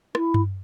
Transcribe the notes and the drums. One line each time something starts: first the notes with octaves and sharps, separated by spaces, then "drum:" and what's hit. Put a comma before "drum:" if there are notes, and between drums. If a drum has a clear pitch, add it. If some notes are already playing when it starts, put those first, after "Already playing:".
E4, drum: rim click
drum: tom G2